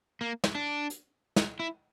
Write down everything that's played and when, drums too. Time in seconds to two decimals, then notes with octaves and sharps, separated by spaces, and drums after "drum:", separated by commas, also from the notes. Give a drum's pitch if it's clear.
0.21 A#3
0.44 drum: snare
0.55 D4
0.90 drum: hi-hat
1.36 drum: snare
1.60 E4